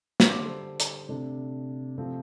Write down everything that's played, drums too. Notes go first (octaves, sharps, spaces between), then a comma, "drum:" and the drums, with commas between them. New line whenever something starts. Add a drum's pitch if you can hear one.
D3 G3 D4 C6, drum: snare
D6
C6
A4
C5
A4, drum: hi-hat
C3 A3 D4
C3 F3 A3 C4